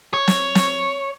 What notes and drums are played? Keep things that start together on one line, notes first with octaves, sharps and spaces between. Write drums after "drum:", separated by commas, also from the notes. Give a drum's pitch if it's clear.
C#5
drum: snare
drum: snare